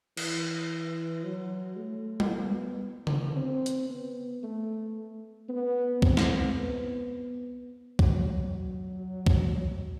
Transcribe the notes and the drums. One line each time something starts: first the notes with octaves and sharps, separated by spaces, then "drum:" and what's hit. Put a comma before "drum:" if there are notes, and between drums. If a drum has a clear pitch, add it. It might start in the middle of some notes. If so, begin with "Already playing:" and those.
E3, drum: cymbal
F#3
A3
drum: tom G3
B3
drum: tom C#3
C4
drum: hi-hat
B3
A3
B3
C4, drum: kick C2
drum: snare
B3
drum: kick C2
F#3
drum: kick C2